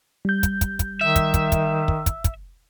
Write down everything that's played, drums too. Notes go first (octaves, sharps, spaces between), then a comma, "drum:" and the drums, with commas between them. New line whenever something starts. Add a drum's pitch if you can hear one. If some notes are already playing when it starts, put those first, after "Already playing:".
G3 G6
drum: kick, hi-hat
drum: kick, hi-hat
drum: kick, hi-hat
D#3 E5
drum: kick, hi-hat
drum: kick, hi-hat
drum: kick, hi-hat
drum: kick
drum: kick, hi-hat
drum: kick, hi-hat